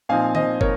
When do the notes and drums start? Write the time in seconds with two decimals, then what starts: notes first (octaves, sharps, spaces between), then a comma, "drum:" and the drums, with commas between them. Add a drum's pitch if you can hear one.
0.09 A#2 F3 C4 D#4 F5 G#5
0.35 C5 D#5, drum: tom
0.61 A#4 C#5, drum: kick